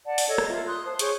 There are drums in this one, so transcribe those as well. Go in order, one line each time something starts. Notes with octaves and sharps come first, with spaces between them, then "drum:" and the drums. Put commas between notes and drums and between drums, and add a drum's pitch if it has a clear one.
D5 F#5 A5
drum: open hi-hat
A4 C#5 D#5 E6
drum: rim click
F4 E5
C6 D#6 F#6 G6
C5 A5 C6 D#6
G#4 C#5 C#6 G6, drum: hi-hat